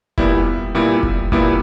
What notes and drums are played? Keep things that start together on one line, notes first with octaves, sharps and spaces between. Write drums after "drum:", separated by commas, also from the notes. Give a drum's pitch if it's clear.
A#2 G3 B3 E4, drum: kick F1
A#2 G3 B3 E4
drum: kick F1
A#2 G3 B3 E4, drum: kick F1